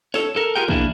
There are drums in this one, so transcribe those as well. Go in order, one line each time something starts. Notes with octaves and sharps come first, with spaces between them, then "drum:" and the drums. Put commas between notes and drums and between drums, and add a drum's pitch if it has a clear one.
A4 C#5, drum: snare
A4 A#4
F4 G4 G#4 A#4 F#5 G5
B2 E3 A#3 D4 E4 G#4, drum: kick